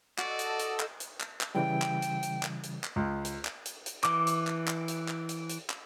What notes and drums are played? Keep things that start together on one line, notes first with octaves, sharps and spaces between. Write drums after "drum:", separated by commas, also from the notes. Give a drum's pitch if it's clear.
F#4 A4 D5 D#5 E6, drum: clap
drum: hi-hat
drum: hi-hat
drum: clap
drum: hi-hat
drum: clap
drum: clap
C#3 E3 G3 G5
drum: clap
drum: hi-hat
drum: hi-hat
drum: clap
drum: hi-hat
drum: clap
C#2
drum: hi-hat
drum: clap
drum: hi-hat
drum: hi-hat
E3 D6, drum: clap
drum: hi-hat
drum: clap
drum: clap
drum: hi-hat
drum: clap
drum: hi-hat
drum: hi-hat
drum: clap